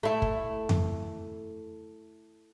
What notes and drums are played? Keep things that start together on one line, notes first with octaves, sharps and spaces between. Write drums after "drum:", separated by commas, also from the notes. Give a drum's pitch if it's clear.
A3 E4
drum: kick
drum: tom F2